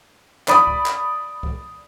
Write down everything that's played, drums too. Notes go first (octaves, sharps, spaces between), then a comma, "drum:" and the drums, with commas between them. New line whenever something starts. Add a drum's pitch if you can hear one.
D5 B5 D#6, drum: clap
drum: kick C2
drum: clap
drum: kick C2